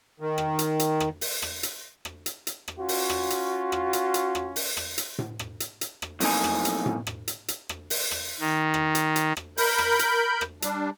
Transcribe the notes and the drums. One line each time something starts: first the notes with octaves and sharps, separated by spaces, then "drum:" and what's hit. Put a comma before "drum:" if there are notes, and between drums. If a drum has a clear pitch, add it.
D#3
drum: rim click
drum: hi-hat
drum: hi-hat
drum: rim click
drum: open hi-hat
drum: rim click
drum: hi-hat
drum: rim click
drum: hi-hat
drum: hi-hat
drum: rim click
C#4 F4 F#4
drum: open hi-hat
drum: rim click
drum: hi-hat
drum: rim click
drum: hi-hat
drum: hi-hat
drum: rim click
drum: open hi-hat
drum: rim click
drum: hi-hat
drum: tom A2
drum: rim click
drum: hi-hat
drum: hi-hat
drum: rim click
B1 F2 A2 A#3 D#4 G#5, drum: open hi-hat
drum: rim click
drum: hi-hat
drum: tom A2
drum: rim click
drum: hi-hat
drum: hi-hat
drum: rim click
drum: open hi-hat
drum: rim click
D#3
drum: rim click
drum: hi-hat
drum: hi-hat
drum: rim click
A#4 B5 G6, drum: open hi-hat
drum: rim click
drum: hi-hat
drum: rim click
G3 D4, drum: hi-hat